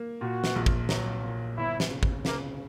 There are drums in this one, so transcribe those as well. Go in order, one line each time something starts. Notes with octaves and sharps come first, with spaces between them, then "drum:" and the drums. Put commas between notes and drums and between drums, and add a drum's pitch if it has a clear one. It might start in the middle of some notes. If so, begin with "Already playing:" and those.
Already playing: A#3
A#2 F#4
drum: snare
A#1
drum: kick G#1
F#3, drum: snare
A#2
G1 E4
drum: snare
C#3
drum: kick G#1
C#3 A#3, drum: snare